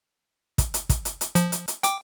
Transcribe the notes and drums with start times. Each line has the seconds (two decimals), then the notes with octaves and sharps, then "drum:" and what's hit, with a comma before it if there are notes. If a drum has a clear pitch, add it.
0.58 drum: kick, hi-hat
0.74 drum: hi-hat
0.89 drum: kick, hi-hat
1.05 drum: hi-hat
1.21 drum: hi-hat
1.35 F3, drum: hi-hat
1.52 drum: hi-hat
1.68 drum: hi-hat
1.83 G5 D6, drum: hi-hat